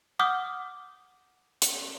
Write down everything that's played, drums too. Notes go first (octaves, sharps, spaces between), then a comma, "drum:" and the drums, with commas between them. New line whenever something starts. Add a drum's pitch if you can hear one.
F#5 D6 D#6 F6 G6
drum: hi-hat